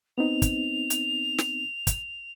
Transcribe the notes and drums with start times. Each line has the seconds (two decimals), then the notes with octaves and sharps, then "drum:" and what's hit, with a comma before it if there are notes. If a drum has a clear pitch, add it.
0.18 B3 C4 D#4 F7
0.42 drum: kick, hi-hat
0.90 drum: hi-hat
1.38 drum: snare
1.87 drum: kick, hi-hat